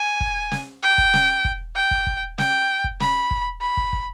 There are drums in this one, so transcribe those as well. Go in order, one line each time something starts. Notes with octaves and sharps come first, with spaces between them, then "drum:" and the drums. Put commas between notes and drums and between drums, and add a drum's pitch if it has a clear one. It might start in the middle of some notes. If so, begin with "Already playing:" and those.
Already playing: G#5
drum: kick
drum: snare
G5
drum: kick
drum: snare
drum: kick
G5
drum: kick
drum: kick
G5, drum: snare
drum: kick
B5, drum: snare
drum: kick
B5
drum: kick
drum: kick